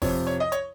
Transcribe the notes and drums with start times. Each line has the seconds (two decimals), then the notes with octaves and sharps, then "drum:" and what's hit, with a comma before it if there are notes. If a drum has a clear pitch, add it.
0.02 F2 C3 F3 C#5, drum: kick G1, open hi-hat
0.27 C#5
0.40 D#5
0.52 C#5, drum: hi-hat